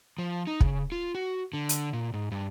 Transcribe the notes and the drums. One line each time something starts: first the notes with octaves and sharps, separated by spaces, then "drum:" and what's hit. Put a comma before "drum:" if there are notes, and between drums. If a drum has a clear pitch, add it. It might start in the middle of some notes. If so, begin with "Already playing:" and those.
F3
D#4
C#3, drum: kick
F4
F#4
D3
drum: hi-hat
A#2
G#2
G2